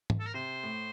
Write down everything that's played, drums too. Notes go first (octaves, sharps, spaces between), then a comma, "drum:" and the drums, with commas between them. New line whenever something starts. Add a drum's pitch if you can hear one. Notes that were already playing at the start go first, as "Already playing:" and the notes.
drum: tom G#2
A4
A#4
C3 C5
A2